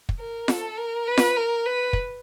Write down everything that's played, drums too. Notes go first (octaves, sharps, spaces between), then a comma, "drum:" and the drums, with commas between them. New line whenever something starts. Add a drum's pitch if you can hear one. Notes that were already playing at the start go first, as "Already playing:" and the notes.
drum: kick
A#4
A4, drum: snare F4
A#4
B4
drum: snare F4
A#4
B4
drum: kick